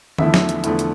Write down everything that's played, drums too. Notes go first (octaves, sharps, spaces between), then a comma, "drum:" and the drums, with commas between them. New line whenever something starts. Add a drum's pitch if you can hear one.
E2 D3 F3 A3 E4 E5, drum: tom D#3
drum: snare
drum: hi-hat
E2 D3 F3 A3 E4, drum: hi-hat
drum: hi-hat